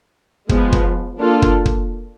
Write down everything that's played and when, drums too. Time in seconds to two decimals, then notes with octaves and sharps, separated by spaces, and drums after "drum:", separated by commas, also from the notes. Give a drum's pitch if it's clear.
0.49 F3 G#3 B3, drum: kick
0.72 drum: kick
1.19 A#3 D4 F4 A4
1.42 drum: kick
1.66 drum: kick